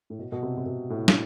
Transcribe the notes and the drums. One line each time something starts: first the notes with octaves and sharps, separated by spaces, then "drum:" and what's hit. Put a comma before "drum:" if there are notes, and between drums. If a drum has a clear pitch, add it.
A2
B2
B2
C3
C3
B2
A2
drum: snare